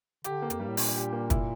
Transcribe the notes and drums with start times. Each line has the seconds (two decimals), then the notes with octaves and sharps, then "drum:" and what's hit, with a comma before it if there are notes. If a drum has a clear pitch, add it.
0.24 D3 G4, drum: hi-hat
0.42 A#3
0.50 F2, drum: hi-hat
0.59 G2 G3
0.68 A2
0.77 A#2 D4, drum: open hi-hat
0.96 G4
1.13 A#3
1.30 E4, drum: kick, hi-hat